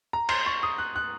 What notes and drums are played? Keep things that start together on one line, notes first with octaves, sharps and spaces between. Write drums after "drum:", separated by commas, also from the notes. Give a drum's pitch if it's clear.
A#5
C6, drum: cymbal
C#6
D#6
F#6
F#6